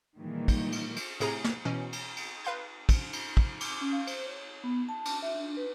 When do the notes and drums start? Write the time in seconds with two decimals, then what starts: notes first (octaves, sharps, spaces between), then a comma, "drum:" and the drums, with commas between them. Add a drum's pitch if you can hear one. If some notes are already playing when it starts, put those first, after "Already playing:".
0.17 A#2 D#3 E3 G3 G#3
0.48 drum: kick, cymbal
0.72 drum: cymbal
0.96 drum: cymbal
1.20 A2 C3 G#4 G#5 A#5, drum: cymbal
1.44 drum: snare
1.65 B2 E3 C#4
1.93 drum: cymbal
2.17 drum: cymbal
2.44 B4 F5 C6 G6
2.89 drum: kick, cymbal
3.13 drum: cymbal
3.37 drum: kick
3.60 D6, drum: cymbal
3.81 C#4
3.92 F5
4.07 C5, drum: cymbal
4.25 C#5
4.64 B3
4.89 A5
5.05 drum: cymbal
5.22 E5
5.35 D4
5.57 B4